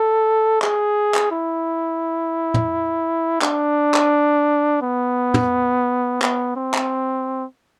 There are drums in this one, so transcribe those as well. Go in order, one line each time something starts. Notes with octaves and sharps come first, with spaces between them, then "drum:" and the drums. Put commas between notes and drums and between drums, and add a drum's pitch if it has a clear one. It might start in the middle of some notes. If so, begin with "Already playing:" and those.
Already playing: A4
G#4, drum: clap
drum: clap
E4
drum: tom
D4, drum: clap
drum: clap
B3
drum: tom
B3, drum: clap
C4
drum: clap